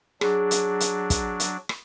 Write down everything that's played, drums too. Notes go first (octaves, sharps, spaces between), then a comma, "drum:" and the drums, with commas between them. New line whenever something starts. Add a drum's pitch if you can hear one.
F#3 D4 G#4, drum: rim click
drum: hi-hat
drum: hi-hat
drum: kick, hi-hat
drum: hi-hat
drum: rim click